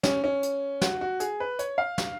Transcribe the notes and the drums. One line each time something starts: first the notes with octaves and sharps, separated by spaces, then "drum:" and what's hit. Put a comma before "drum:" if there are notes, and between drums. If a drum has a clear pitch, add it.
C#4, drum: snare
C#4
drum: hi-hat
F#4, drum: snare
F#4
G#4, drum: hi-hat
B4
C#5, drum: hi-hat
F5
drum: snare